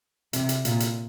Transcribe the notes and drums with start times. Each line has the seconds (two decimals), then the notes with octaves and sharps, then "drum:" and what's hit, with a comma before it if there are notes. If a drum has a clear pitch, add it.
0.33 C3, drum: hi-hat
0.49 drum: hi-hat
0.65 A#2, drum: hi-hat
0.80 drum: hi-hat